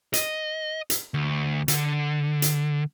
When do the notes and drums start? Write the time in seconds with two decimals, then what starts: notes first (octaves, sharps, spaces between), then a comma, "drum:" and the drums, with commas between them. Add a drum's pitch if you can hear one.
0.14 D#5, drum: hi-hat
0.90 drum: hi-hat
1.14 D2
1.68 D3, drum: hi-hat
2.42 drum: hi-hat